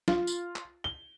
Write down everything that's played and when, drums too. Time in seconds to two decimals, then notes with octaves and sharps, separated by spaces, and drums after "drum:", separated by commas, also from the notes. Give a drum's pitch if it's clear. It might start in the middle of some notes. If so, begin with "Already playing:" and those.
0.08 F4, drum: snare
0.27 drum: tambourine
0.56 drum: clap
0.84 G7